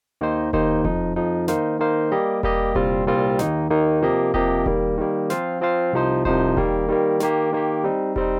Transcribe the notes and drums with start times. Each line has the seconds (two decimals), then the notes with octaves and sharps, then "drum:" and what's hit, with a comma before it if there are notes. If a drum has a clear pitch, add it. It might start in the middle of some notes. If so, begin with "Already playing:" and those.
0.21 D#2 D#3 A#3 D#4 C5
0.53 D#2 D#3 A#3 D#4 C5, drum: kick E1
0.85 F2 F3 D#4, drum: kick E1
1.16 F2 F3 D#4
1.48 D#3 A#3 D#4 C5 F5, drum: snare
1.79 D#3 A#3 D#4 C5 F5
2.12 G3 A#3 G4 D#5
2.43 G3 A#3 G4 D#5, drum: kick E1
2.75 C2 A#2 G3 C4 F4, drum: kick E1
3.06 C2 A#2 G3 C4 F4
3.39 D#2 D#3 A#3 D#4, drum: snare
3.70 D#2 D#3 A#3 D#4
4.02 C3 F3 A#3 G4 D#5
4.34 C3 F3 A#3 G4 D#5, drum: kick E1
4.66 D#3 G3 A#3, drum: kick E1
4.98 D#3 G3 A#3
5.30 F3 C4 F4 C5 F5, drum: snare
5.61 F3 C4 F4 C5 F5
5.93 C2 C3 F3 D#4 C5
6.25 C2 C3 F3 D#4 C5, drum: kick E1
6.57 D#3 G3 A#3, drum: kick E1
6.88 D#3 G3 A#3
7.20 D#3 A#3 G4, drum: snare
7.52 D#3 A#3 G4
7.84 G3 C4 D#4
8.16 G3 C4 D#4, drum: kick E1